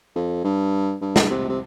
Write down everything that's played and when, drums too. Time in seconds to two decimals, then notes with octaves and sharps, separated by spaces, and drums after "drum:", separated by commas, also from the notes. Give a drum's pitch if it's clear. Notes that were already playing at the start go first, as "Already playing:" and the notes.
0.15 F2
0.44 G2
1.01 G2
1.16 drum: snare
1.30 C3
1.49 C3